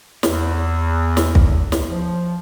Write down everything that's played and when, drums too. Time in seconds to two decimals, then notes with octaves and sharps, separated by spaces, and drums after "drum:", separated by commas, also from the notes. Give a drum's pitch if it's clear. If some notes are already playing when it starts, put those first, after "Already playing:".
0.23 E2, drum: snare
1.17 drum: snare
1.35 drum: kick
1.72 drum: snare
1.90 F3